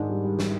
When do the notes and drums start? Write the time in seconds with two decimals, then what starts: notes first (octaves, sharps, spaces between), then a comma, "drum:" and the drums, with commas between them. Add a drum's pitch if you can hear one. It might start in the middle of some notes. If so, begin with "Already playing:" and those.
Already playing: G#2 D#3 D4
0.09 G3
0.24 G3
0.39 drum: snare